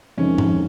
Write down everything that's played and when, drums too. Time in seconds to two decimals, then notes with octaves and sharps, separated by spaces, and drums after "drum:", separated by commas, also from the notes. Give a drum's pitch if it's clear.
0.17 F2 C3 D#3 G#3 C#4
0.38 drum: tom G#2